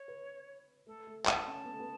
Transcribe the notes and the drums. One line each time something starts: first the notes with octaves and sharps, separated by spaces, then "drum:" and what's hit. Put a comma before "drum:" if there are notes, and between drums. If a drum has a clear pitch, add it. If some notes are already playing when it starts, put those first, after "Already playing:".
Already playing: C#5
B4
A3 A4
A3
B4 A5, drum: clap
C#4
B3
A3
B3